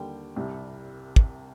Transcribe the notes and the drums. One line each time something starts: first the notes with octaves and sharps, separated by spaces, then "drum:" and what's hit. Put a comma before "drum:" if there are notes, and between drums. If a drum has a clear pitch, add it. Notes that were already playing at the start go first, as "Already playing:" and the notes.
Already playing: D#2 D3 G3 G5
C2 C3 G3
drum: kick